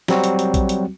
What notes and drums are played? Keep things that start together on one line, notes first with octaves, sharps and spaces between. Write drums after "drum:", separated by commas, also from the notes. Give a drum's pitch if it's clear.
F#3 G3 C4 F#4, drum: snare
drum: hi-hat
drum: hi-hat
drum: kick A#1, hi-hat
drum: hi-hat